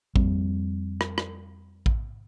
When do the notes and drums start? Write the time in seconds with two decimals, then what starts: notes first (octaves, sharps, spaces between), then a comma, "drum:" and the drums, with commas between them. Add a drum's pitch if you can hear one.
0.16 F2 G3 A#3 C4, drum: kick A1
1.01 drum: rim click
1.18 drum: rim click
1.86 drum: kick A1